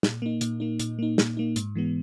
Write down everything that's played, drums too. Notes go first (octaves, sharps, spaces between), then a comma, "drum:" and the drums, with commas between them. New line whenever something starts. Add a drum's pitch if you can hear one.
A#2, drum: snare
A#3 D#4
A#2, drum: hi-hat
A#3 D#4
A#2, drum: hi-hat
A#3 D#4
A#2, drum: snare
A#3 D#4
G#2, drum: hi-hat
E3 G#3 B3